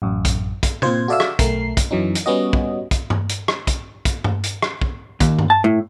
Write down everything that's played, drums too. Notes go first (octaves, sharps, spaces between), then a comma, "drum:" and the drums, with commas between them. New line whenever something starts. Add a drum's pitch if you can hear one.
A1 F#2
drum: kick, hi-hat
drum: kick, hi-hat
A#2 C4 F4 C5 G#6, drum: tom C3
F#4 A4 D5 E5 F5 E6
drum: rim click
B1 A3 A#4 C7, drum: kick, hi-hat
drum: kick, hi-hat
F#2 E3 F#3 C#4 D#4
drum: hi-hat
G3 B3 C#4 F#4 D#5
drum: kick
drum: kick, hi-hat
drum: tom G2
drum: hi-hat
drum: rim click
drum: kick, hi-hat
drum: kick, hi-hat
drum: tom G2
drum: hi-hat
drum: rim click
drum: kick
D#2, drum: kick, hi-hat
drum: tom G2
A5
A2